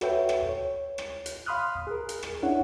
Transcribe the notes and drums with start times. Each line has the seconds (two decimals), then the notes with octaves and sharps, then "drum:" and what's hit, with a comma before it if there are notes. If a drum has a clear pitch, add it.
0.01 F#4 A4 B4 C#5 E5 G5, drum: rim click
0.29 drum: rim click
0.49 C#5
0.98 drum: rim click
1.26 drum: hi-hat
1.46 F5 B5 C6 D#6 F6 F#6
1.87 G#4 A#4
2.09 drum: hi-hat
2.23 drum: rim click
2.42 C#4 D4 E4 G#4 C#5 F#5